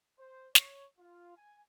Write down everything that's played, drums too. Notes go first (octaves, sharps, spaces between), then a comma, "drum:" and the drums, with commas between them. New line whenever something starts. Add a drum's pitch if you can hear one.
C5
C#5, drum: snare
F4
G#5